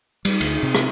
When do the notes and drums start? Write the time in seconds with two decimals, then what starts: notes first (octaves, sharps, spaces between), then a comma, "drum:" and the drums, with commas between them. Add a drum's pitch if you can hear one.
0.25 G3, drum: cymbal
0.41 D2, drum: cymbal
0.63 C3
0.75 drum: rim click